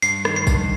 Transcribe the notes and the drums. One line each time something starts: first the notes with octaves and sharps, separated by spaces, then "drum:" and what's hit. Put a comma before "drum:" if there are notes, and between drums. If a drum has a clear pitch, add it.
G2 C7, drum: tambourine
D#3, drum: rim click
C7
G2, drum: kick, tambourine